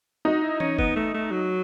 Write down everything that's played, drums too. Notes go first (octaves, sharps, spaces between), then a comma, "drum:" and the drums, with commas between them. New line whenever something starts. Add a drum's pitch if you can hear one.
D#4 F#4
E4
C#4, drum: tom E3
B3, drum: kick
A3
A3
F#3